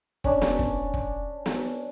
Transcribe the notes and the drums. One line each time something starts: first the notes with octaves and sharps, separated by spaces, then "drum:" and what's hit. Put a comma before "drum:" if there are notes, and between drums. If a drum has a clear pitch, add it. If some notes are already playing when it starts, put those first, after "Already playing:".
C#4 D4, drum: kick
drum: snare B3
drum: kick
drum: kick
drum: snare B3